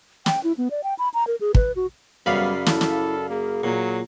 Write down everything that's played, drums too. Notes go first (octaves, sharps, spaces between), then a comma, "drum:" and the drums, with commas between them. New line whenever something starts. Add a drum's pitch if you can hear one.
G5, drum: snare
E4
B3
D5
G5
B5
A#5
A#4
G#4
B4, drum: kick
F#4
F#2 C#3 G3 B3 D5 F5 B5
E4 A4, drum: snare
drum: snare
A#3 G#4
A#2 F#3